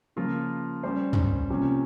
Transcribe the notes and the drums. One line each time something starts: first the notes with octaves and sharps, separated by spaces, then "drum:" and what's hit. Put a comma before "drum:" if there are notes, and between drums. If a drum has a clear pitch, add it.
C#3 F3 A#3 F4 A#4
G3 C#4 G4 C5
drum: tom
C3 F3 A#3 C#4